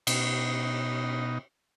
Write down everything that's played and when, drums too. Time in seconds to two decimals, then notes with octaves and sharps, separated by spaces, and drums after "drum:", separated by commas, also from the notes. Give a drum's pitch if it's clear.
0.07 B2 D#4, drum: cymbal